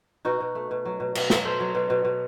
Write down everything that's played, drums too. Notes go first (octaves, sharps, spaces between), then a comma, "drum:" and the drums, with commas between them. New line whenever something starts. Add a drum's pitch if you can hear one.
B2 D#4 F#4
B2
A3
B2
F#3
B2
B2, drum: cymbal
F#3, drum: snare
B2 A4 C5
F#3
B2
B2
B2